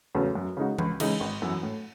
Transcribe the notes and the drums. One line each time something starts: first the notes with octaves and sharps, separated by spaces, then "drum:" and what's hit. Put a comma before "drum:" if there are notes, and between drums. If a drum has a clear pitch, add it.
E2 C#3 F#3 A3
F#2
C#3 G#3 D#4 F#4
C#2, drum: tom E3
C#3 E3 G#3 D#4, drum: cymbal
G#1
F#2 E3 B3 E4
A2